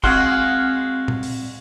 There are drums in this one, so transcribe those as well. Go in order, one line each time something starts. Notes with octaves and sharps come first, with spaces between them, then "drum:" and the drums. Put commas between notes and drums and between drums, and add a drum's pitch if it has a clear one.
G#3 C4 F#4 F5 C6 F#6, drum: kick
drum: tom A#2
drum: open hi-hat